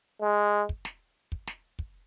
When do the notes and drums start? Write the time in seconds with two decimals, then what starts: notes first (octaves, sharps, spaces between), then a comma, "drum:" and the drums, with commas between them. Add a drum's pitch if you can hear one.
0.22 G#3
0.69 drum: kick
0.85 drum: snare
1.32 drum: kick
1.47 drum: snare
1.79 drum: kick